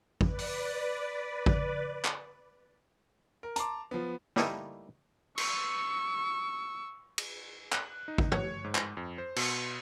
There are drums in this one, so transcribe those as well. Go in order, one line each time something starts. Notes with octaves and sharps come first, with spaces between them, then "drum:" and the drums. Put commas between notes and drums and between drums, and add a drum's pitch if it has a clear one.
B4 D5, drum: kick G#1
drum: open hi-hat
drum: kick G#1
drum: clap
A#4
A5 A#5 C6 D6, drum: hi-hat
F3 B3
G3 A3 A#3 D#4 E4, drum: snare
C#6 E6, drum: cymbal
drum: cymbal
F#6, drum: clap
D#4
drum: kick G#1
C#5, drum: tom
G#2
drum: clap
F2
C5
B2, drum: cymbal